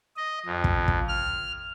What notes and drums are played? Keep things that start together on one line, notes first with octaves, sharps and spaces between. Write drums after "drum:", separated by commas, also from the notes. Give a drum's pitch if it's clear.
D#5
F2
drum: kick
drum: kick
F6